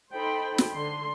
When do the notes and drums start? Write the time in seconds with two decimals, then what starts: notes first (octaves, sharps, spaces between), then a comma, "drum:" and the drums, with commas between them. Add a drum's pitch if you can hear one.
0.15 D#4 A4 C5 G5 B5
0.58 drum: snare
0.72 D3 C6